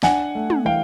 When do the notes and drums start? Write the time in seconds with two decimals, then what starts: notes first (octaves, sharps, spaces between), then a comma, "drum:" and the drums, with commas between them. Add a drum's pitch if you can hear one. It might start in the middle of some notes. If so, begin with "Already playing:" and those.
0.03 D4 F#5 G#5, drum: snare
0.35 A3
0.50 drum: tom
0.65 E3 F5 G5